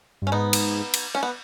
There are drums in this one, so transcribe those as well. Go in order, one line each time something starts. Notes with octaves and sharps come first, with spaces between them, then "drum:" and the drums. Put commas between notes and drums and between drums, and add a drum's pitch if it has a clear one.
G2 C#4
G#2 B3 D#4
drum: cymbal
drum: cymbal
C#4
B3